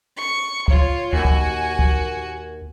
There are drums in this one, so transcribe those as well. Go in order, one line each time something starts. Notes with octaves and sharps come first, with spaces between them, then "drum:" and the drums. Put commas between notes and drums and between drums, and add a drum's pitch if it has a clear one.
C#6
F4 C#5, drum: kick
D#2 F#4 G#5
drum: kick
drum: kick